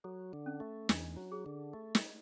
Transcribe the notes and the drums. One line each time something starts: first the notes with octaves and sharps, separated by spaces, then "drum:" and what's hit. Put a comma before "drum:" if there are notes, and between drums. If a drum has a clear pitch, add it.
F#3 A4
D3
C#4
A3
E2 D4, drum: snare
F#3
G#4
D3
A3
drum: snare